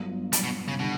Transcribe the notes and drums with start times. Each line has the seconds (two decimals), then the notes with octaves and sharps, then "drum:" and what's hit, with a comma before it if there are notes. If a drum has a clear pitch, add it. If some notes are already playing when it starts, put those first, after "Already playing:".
Already playing: G1 G2 F#3
0.33 G3, drum: hi-hat
0.44 B2
0.68 C#3
0.79 B2 D3 G3